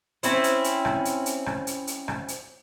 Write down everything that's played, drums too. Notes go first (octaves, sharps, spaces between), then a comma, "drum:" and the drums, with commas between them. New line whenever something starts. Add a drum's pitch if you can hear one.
C4 C#4 E4 C5, drum: hi-hat
drum: hi-hat
drum: hi-hat
drum: rim click
drum: hi-hat
drum: hi-hat
drum: rim click
drum: hi-hat
drum: hi-hat
drum: rim click
drum: hi-hat